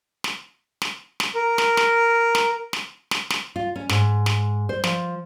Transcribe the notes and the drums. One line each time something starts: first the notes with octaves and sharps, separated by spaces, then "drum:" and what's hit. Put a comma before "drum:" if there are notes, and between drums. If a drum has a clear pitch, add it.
drum: snare
drum: snare
drum: snare
A#4
drum: snare
drum: snare
drum: snare
drum: snare
drum: snare
drum: snare
F4
C#4
G#2, drum: snare
drum: snare
C5
F3, drum: snare